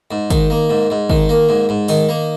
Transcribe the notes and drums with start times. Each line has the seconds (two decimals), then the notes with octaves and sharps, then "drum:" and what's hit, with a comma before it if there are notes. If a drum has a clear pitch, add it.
0.11 G#2
0.30 D#3, drum: kick, hi-hat
0.50 A#3
0.70 G#2
0.90 G#2
1.10 D#3, drum: kick
1.29 A#3
1.49 G#2
1.69 G#2
1.88 D#3, drum: open hi-hat
2.09 A#3